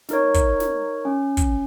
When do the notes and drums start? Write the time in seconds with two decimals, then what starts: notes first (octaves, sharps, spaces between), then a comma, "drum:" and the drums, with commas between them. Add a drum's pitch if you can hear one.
0.09 D#4 A#4 C#5, drum: snare
0.34 drum: kick, hi-hat
0.60 drum: snare
1.05 C#4
1.37 drum: kick, hi-hat